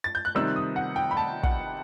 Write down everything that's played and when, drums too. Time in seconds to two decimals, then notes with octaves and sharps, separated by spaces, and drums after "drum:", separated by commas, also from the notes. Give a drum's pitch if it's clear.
0.04 A6
0.15 G6
0.25 F#6
0.35 C3 D#3 G3 C4 D#4 E6
0.56 D#6
0.76 F#5
0.96 G5
1.11 B5
1.17 A5
1.43 F#5, drum: kick